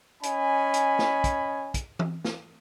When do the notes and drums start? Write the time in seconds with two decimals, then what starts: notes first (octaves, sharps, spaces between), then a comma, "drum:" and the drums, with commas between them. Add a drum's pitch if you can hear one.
0.23 C#4 D#5 G#5 B5, drum: hi-hat
0.74 drum: hi-hat
0.99 drum: snare
1.24 drum: kick, hi-hat
1.74 drum: kick, hi-hat
1.99 drum: tom E3
2.25 drum: snare